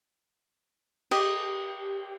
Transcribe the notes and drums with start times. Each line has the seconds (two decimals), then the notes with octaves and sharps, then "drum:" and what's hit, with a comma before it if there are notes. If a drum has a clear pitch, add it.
1.11 G4 D#5, drum: cymbal